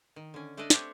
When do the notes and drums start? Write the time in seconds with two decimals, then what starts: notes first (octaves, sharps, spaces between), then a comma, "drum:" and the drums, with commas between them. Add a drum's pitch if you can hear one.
0.16 D#3
0.34 D3 C#4
0.57 A3 D4 A4 D5 D#5
0.70 A3 C4 D4 G4 C#5, drum: snare